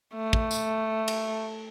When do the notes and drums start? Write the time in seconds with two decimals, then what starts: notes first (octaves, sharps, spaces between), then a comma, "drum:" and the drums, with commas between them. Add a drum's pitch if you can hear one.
0.14 A3
0.33 drum: kick
0.51 drum: tambourine
1.08 drum: cymbal